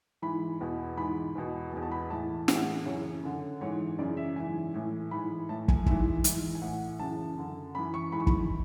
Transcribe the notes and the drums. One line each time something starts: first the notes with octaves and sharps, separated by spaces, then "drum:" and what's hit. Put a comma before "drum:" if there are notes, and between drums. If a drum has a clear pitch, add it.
G#2 E3 B5
E2 B2
G#2 E3 B5
E2 B2
E2 B2
A5
B5
A2 E3 A5
A2 E3 F#5, drum: snare
F#2 C#3 E3 C#5
F#2 D3
G#2 E3 C#5
F#2 C#3 E3 D5
E5
G#2 E3 G#5
A2 E3
G#2 E3 B5
A2 E3 A5
G#5, drum: kick
G#2 E3 E5, drum: kick
G#2 E3, drum: hi-hat
G#5
A2 E3 F#5
F#2 C#3 E3 A5
F#2 D3
F#2 E3 B5
C#6
G#2 E3 B5
C#6
B5, drum: kick